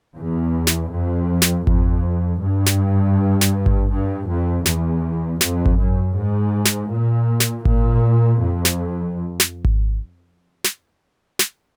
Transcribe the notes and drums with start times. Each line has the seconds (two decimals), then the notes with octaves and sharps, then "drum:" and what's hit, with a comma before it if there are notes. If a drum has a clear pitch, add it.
0.17 E2
0.67 drum: snare
0.92 F2
1.42 drum: snare
1.67 F2, drum: kick G#1
2.42 G2
2.66 drum: snare
3.41 drum: snare
3.66 drum: kick G#1
3.90 G2
4.28 F2
4.66 E2, drum: snare
5.41 F2, drum: snare
5.66 drum: kick G#1
5.78 F#2
6.15 G#2
6.65 drum: snare
6.90 A#2
7.40 drum: snare
7.65 A#2, drum: kick G#1
8.40 F2
8.65 drum: snare
9.40 drum: snare
9.65 drum: kick G#1
10.64 drum: snare
11.39 drum: snare